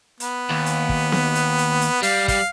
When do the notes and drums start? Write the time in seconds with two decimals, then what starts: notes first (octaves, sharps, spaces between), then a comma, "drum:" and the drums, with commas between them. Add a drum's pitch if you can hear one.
0.20 B3, drum: hi-hat
0.51 D#2
0.66 drum: hi-hat
0.89 drum: kick
1.12 drum: snare B3
1.35 drum: hi-hat
1.58 drum: hi-hat
1.81 drum: hi-hat
2.03 G3 F5, drum: hi-hat
2.28 F5, drum: kick, hi-hat